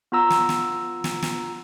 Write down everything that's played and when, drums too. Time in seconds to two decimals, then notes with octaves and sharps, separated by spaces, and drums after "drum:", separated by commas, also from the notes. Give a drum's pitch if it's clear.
0.12 B3 F4 A#5 E6
0.30 drum: snare
0.49 drum: snare
1.04 drum: snare
1.22 drum: snare